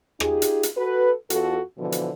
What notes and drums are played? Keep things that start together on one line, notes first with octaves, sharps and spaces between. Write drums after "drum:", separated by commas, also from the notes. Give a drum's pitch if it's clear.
D#4 F4 G4 G#4, drum: rim click
drum: hi-hat
drum: hi-hat
F#4 A4 B4
E2 F4 F#4 A4, drum: hi-hat
B2 D3 E3 F3
drum: hi-hat